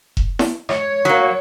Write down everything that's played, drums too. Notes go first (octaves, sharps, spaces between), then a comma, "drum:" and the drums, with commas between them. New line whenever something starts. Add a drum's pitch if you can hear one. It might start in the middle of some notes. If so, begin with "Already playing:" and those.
drum: kick F1
drum: snare E4
C#5, drum: rim click
F#3 A#3